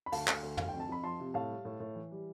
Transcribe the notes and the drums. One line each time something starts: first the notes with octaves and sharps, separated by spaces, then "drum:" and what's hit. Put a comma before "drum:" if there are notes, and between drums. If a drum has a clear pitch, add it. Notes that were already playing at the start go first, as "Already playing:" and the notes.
B5
D2 F5 A5, drum: open hi-hat
D2, drum: clap
D2
D2 F5, drum: tom
F2 G5
A5
F2 B5
F3 A5 C6
C3
A2 F5 A5
G3
A2
A2
E3
G3